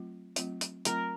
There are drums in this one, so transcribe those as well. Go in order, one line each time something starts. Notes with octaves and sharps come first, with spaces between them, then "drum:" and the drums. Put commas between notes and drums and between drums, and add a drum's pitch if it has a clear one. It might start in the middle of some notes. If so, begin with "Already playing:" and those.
Already playing: F#3 A3 C4 F4
F#3 A3 C4 F4, drum: hi-hat
drum: hi-hat
F#3 A3 C4 F4 A#4, drum: hi-hat